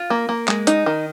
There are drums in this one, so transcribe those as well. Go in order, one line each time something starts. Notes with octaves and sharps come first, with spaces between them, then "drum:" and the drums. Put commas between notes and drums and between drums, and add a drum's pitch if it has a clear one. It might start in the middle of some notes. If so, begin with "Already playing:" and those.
Already playing: F4
A#3
A#3
G#3, drum: clap
D#4, drum: hi-hat
D#3